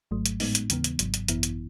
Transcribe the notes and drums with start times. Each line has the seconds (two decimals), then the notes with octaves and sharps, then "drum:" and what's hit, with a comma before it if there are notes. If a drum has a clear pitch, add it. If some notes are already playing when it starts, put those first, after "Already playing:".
0.11 G#1 G#2 F#3 A3
0.26 drum: hi-hat
0.40 A2 G#3 B3 D#4, drum: open hi-hat
0.55 drum: hi-hat
0.70 D#2 C#3 E3 B3, drum: hi-hat
0.84 drum: hi-hat
0.99 G#1 G#2 F#3, drum: hi-hat
1.14 drum: hi-hat
1.28 G#1 F#2 E3 B3 E4, drum: hi-hat
1.43 drum: hi-hat